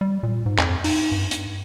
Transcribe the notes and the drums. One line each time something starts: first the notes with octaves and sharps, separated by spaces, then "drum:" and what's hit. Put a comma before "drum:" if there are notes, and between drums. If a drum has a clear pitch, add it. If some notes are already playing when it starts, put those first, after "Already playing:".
G3
A#2
G#2
F2, drum: clap
D#4, drum: open hi-hat
G2
drum: hi-hat